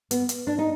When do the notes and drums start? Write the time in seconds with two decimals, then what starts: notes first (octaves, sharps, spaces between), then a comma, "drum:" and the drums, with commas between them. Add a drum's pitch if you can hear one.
0.11 B3, drum: hi-hat
0.29 drum: hi-hat
0.47 D4
0.59 D#4